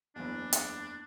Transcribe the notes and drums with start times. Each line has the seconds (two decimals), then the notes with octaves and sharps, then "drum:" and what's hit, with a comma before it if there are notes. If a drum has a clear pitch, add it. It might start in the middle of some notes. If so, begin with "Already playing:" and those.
0.16 F#1 E2 D4
0.53 drum: hi-hat